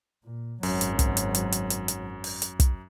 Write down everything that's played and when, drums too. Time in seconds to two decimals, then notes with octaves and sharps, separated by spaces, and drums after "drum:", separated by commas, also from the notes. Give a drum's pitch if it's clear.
0.24 A#2
0.63 G#1 F#2 F#3, drum: open hi-hat
0.81 drum: hi-hat
0.99 drum: kick, hi-hat
1.17 drum: hi-hat
1.35 drum: hi-hat
1.52 drum: hi-hat
1.70 drum: hi-hat
1.88 drum: hi-hat
2.24 drum: open hi-hat
2.42 drum: hi-hat
2.60 drum: kick, hi-hat